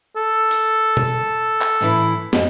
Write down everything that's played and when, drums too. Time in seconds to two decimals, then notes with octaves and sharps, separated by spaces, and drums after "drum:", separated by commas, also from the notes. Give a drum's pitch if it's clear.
0.16 A4
0.51 drum: hi-hat
0.97 drum: tom B2
1.61 drum: clap
1.81 A2 E3 E4
2.33 F2, drum: snare